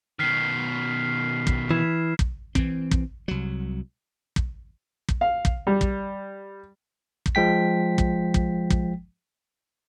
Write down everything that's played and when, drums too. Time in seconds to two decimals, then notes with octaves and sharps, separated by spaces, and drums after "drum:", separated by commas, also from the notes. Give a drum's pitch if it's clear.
0.19 B2 D#3 F6 B6 C7
1.47 drum: kick
1.71 E3 G#6 E7
2.19 drum: kick
2.55 E3 C4, drum: kick
2.91 drum: kick
3.28 C2 F#3
4.36 drum: kick
5.09 drum: kick
5.21 F5
5.45 drum: kick
5.67 G3
5.81 drum: kick
7.26 drum: kick
7.35 F3 G#3 G5 B6
7.98 drum: kick
8.34 drum: kick
8.70 drum: kick